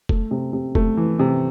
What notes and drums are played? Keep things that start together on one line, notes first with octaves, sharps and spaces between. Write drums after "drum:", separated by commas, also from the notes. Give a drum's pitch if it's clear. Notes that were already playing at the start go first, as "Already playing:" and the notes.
A3, drum: kick F1
C3
C3
A3, drum: kick F1
E3
C3